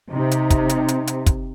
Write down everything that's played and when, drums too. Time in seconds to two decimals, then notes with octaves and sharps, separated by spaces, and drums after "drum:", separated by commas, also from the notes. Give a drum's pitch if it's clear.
0.12 C3 D#4
0.31 drum: hi-hat
0.50 drum: kick, hi-hat
0.69 drum: hi-hat
0.88 drum: hi-hat
1.07 drum: hi-hat
1.26 drum: kick, hi-hat